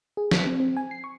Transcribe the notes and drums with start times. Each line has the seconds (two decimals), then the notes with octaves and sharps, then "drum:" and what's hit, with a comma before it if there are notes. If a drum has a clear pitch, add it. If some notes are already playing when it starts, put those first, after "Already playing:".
0.17 G#4
0.31 B6, drum: snare
0.46 C4
0.60 C4
0.77 G#5
0.91 C7
1.04 C#6